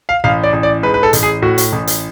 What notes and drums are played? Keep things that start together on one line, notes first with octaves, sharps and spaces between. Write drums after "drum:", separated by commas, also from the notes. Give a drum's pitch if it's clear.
F5
A1 F5
D5
A1
D5
G#2 B4
B4
A4
A1, drum: hi-hat
G#4
A2 F#4
drum: hi-hat
A1
drum: hi-hat